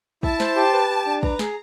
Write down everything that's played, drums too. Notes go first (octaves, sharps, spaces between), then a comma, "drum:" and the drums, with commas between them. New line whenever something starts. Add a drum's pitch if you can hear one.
E4 A5, drum: kick
C5, drum: snare
G4
B4
G4
D4
B4 A#5, drum: kick
G#4, drum: snare